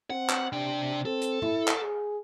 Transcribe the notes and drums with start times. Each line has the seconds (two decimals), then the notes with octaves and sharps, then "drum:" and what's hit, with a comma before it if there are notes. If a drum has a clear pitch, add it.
0.10 C4 F#5
0.29 drum: clap
0.52 C3 D4 G5
1.05 C4 A4
1.22 drum: hi-hat
1.42 E4, drum: tom A2
1.68 drum: clap
1.82 G#4